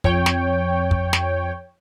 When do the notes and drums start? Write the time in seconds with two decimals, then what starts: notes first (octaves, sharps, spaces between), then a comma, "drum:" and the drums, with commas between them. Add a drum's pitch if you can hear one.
0.04 F2 C#5 G5, drum: kick
0.26 drum: snare
0.91 drum: kick
1.13 drum: snare